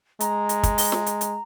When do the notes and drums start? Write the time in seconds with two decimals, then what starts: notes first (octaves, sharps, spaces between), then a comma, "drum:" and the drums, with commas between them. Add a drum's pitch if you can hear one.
0.20 G#3 A#5, drum: hi-hat
0.49 drum: hi-hat
0.63 drum: kick, hi-hat
0.78 drum: open hi-hat
0.92 drum: snare
1.06 drum: hi-hat
1.21 drum: hi-hat